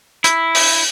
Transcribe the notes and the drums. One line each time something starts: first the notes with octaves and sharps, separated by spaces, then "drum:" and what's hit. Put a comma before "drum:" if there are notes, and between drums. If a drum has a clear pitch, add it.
E4, drum: hi-hat
drum: open hi-hat